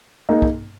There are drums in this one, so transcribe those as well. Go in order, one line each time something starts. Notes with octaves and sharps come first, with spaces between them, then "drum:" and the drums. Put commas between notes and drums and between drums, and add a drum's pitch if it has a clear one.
A#3 D#4 G#4 D#5
drum: kick